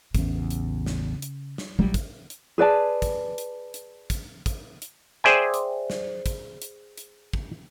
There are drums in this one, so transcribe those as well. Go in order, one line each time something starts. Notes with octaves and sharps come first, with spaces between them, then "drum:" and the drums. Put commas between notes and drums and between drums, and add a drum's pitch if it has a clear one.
A1 E2 C#3, drum: kick, hi-hat
drum: hi-hat
drum: snare
drum: hi-hat
drum: snare
A#1 F#3 G3 E4
drum: kick, hi-hat
drum: hi-hat
G#4 B4 D5 A5
drum: kick, hi-hat
drum: hi-hat
drum: hi-hat
drum: kick, hi-hat
drum: kick, hi-hat
drum: hi-hat
G#4 C5 D5 E5 G5 G#5
drum: hi-hat
drum: snare
drum: kick, hi-hat
drum: hi-hat
drum: hi-hat
drum: kick